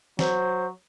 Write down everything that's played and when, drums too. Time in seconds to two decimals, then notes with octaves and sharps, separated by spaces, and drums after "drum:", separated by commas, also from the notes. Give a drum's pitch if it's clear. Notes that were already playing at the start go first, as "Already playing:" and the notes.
0.19 F#3 C5, drum: snare